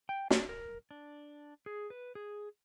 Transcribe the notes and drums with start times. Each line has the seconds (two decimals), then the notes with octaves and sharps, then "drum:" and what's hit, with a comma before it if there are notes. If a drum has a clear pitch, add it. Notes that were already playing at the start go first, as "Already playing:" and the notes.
0.09 G5
0.31 D4, drum: snare
0.49 A#4
0.91 D4
1.66 G#4
1.90 B4
2.15 G#4